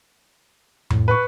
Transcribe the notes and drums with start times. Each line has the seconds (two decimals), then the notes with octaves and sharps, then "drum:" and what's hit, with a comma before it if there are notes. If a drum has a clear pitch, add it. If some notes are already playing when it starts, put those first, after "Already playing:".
0.90 A2, drum: tom F2
1.08 B4 C#6